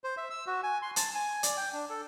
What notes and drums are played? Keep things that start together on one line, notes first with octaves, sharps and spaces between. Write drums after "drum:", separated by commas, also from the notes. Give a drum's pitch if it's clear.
C5
E5
E6
F#4
G#5
C6
A5, drum: hi-hat
G#5
D5, drum: hi-hat
G5
D4
A4